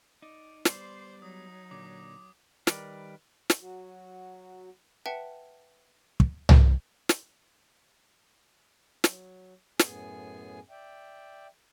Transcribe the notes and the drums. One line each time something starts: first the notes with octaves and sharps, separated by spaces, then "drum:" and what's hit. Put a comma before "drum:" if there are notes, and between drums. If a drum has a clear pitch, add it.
D#4 D5
G3 B3 C5 D5 C6, drum: snare
F#3 D#4 D#6
A#2 D3 D6
D#3 G3 A#4 B4 D5, drum: snare
drum: snare
F#3 F#4
B4 E5 F#5 G5 A5 C#7
drum: kick
drum: tom C2
drum: snare
F#3, drum: snare
F#2 A2 B3 G#4 G#5, drum: snare
D5 E5 G5